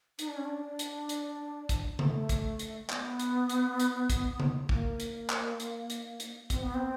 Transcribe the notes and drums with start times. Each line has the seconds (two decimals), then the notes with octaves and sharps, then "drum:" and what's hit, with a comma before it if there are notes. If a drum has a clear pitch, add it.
0.19 D#4, drum: hi-hat
0.28 D4
0.37 C#4
0.45 D4
0.79 drum: hi-hat
1.09 drum: hi-hat
1.69 drum: kick, hi-hat
1.99 A3, drum: tom C#3
2.29 drum: kick, hi-hat
2.59 drum: hi-hat
2.90 B3, drum: clap
3.19 drum: hi-hat
3.49 drum: hi-hat
3.80 drum: hi-hat
4.10 drum: kick, hi-hat
4.40 drum: tom C#3
4.69 A#3, drum: kick
5.00 drum: hi-hat
5.30 drum: clap
5.60 drum: hi-hat
5.90 drum: hi-hat
6.20 drum: hi-hat
6.50 C4, drum: kick, hi-hat
6.62 B3
6.74 C4